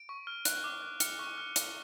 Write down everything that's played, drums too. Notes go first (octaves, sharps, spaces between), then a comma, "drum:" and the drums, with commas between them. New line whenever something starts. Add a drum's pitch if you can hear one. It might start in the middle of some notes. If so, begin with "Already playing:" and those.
Already playing: D7
C#6
F6
F#6, drum: hi-hat
D6
F#6
F6 C#7, drum: hi-hat
C#6
F6
F6, drum: hi-hat